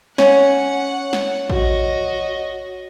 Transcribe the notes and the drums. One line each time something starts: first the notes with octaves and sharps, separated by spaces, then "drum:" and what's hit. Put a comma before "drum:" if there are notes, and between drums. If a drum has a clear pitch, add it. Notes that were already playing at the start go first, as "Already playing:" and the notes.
C#4 C#5 F#5, drum: snare
drum: snare
F#4 D#5, drum: kick A1